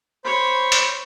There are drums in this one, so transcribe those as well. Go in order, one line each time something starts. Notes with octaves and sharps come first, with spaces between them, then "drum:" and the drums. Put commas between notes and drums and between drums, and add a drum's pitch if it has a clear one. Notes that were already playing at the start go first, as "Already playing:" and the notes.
C5 C#5 B5
drum: hi-hat